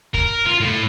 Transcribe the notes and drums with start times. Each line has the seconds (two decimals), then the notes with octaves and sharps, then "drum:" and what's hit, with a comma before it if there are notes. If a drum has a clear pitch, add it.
0.14 A#4, drum: kick
0.46 F4
0.60 A2